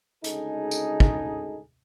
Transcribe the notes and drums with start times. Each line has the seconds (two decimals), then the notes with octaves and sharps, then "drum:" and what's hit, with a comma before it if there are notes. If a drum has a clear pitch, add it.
0.24 D2 C#3 G#3 D#4 G#4 A4, drum: hi-hat
0.71 drum: tambourine
1.00 drum: kick